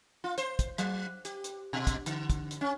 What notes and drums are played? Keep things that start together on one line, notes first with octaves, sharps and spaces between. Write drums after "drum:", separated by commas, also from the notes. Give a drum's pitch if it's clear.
F4
C5, drum: hi-hat
drum: kick, hi-hat
F#3, drum: hi-hat
G4, drum: hi-hat
drum: hi-hat
B2
drum: kick, hi-hat
D3, drum: hi-hat
drum: kick, hi-hat
drum: hi-hat
C#4